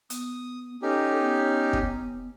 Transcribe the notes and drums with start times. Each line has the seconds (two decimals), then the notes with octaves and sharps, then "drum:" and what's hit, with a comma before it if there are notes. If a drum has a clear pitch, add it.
0.10 B3 D#6, drum: hi-hat
0.82 C#4 D#4 G4 A4
1.20 B3
1.73 drum: kick